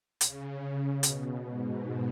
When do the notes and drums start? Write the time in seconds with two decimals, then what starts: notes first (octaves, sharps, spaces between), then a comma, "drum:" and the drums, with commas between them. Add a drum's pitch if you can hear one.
0.21 C#3, drum: hi-hat
1.03 B2, drum: hi-hat
1.45 G#2